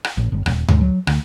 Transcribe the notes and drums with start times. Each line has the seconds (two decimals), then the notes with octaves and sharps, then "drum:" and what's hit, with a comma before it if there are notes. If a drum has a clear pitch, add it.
0.04 drum: rim click
0.17 A1
0.32 G1
0.46 D#1, drum: rim click
0.68 G#2, drum: tom D2
0.81 F#3
1.07 D2, drum: rim click